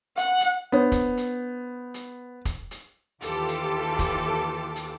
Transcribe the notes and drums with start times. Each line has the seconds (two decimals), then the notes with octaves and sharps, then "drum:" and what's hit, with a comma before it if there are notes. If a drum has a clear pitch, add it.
0.17 F#5, drum: hi-hat
0.41 drum: hi-hat
0.72 B3 D4 C5 C#5
0.92 drum: kick, hi-hat
1.17 drum: hi-hat
1.94 drum: hi-hat
2.45 drum: kick, hi-hat
2.71 drum: hi-hat
3.22 D#2 E3 F4 G4 A4 D6, drum: hi-hat
3.48 drum: hi-hat
3.99 drum: kick, hi-hat
4.76 drum: hi-hat